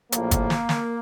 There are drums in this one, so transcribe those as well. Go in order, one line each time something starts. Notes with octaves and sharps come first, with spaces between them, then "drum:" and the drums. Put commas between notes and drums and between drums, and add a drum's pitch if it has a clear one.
A#1 A2 F3 A#3, drum: hi-hat
drum: kick G1, hi-hat
drum: snare
drum: snare